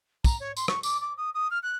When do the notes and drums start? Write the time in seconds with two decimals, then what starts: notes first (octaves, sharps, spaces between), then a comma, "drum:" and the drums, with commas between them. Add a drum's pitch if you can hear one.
0.24 A#5, drum: kick, tambourine
0.40 C#5
0.57 C6, drum: tambourine
0.68 C#6, drum: rim click
0.83 D6, drum: tambourine
1.01 D6
1.17 D#6
1.34 D#6
1.51 F6
1.63 F#6